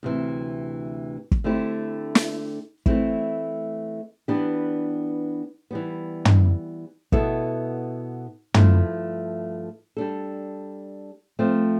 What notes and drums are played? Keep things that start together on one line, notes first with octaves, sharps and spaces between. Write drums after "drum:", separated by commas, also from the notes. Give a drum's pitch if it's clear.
D2 C3 E3
drum: kick
D3 A3 C4 E4 G4
drum: snare
E3 A3 C4 E4, drum: kick
E3 B3 D4 G4 B4
E3 G3 B3
drum: tom
B2 B3 E4 A4 E5, drum: kick
G2 F3 A3 E4, drum: tom
G3 D4 A4
F3 A3 C4